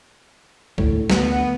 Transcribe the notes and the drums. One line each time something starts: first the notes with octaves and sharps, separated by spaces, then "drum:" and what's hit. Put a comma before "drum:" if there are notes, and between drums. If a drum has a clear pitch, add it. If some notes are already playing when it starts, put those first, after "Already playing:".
D2 A2, drum: kick
D2 B3, drum: snare